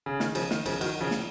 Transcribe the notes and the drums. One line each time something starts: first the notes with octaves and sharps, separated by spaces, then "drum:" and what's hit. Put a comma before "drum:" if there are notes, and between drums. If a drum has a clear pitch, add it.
C#3
D#3, drum: snare
C#3 F3, drum: cymbal
D#3, drum: snare
C#3 F3, drum: cymbal
D#3 F#3, drum: cymbal
C#3 F3
drum: snare